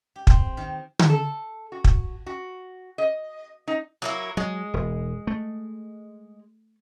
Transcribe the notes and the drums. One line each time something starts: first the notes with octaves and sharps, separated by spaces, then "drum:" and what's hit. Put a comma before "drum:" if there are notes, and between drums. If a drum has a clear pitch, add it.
G4
C4, drum: kick
D#3
drum: tom D3
A4
F#4
drum: kick
F#4
D#5
D#4
F#3 A#3 E4
F#3 G#3
E1
A3